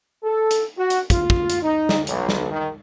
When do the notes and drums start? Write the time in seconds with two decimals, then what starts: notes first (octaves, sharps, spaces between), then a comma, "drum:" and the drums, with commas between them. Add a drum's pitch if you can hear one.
0.23 A4
0.51 drum: hi-hat
0.77 F#4
0.90 drum: hi-hat
1.10 F4, drum: kick, hi-hat
1.30 drum: kick
1.50 drum: hi-hat
1.63 D#4
1.89 drum: snare
2.07 B1, drum: hi-hat
2.29 drum: snare
2.51 D#3